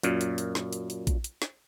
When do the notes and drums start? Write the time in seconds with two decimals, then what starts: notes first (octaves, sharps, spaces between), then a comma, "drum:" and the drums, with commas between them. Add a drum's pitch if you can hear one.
0.03 F#2 A#2, drum: hi-hat
0.21 drum: hi-hat
0.38 drum: hi-hat
0.55 drum: snare
0.73 drum: hi-hat
0.90 drum: hi-hat
1.07 drum: kick A#1, hi-hat
1.24 drum: hi-hat
1.42 drum: snare